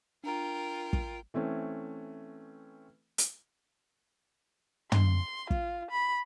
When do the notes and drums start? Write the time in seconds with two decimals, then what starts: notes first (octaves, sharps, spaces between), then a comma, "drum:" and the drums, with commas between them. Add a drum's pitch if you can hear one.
0.24 D4 F4 A#4 G5 A#5
0.93 drum: kick
1.34 E3 A3 C4 C#4
3.18 drum: hi-hat
4.92 C6, drum: tom
5.50 F4, drum: kick
5.91 B5